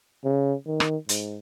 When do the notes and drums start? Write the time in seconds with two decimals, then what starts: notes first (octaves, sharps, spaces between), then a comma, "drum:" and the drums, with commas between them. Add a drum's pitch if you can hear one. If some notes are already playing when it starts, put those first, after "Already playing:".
0.24 C#3
0.67 D#3
0.80 drum: rim click
1.09 G#2, drum: hi-hat